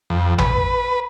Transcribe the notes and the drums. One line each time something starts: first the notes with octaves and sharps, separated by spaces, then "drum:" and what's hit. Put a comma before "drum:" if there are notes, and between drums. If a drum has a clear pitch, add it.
F2
B4, drum: tom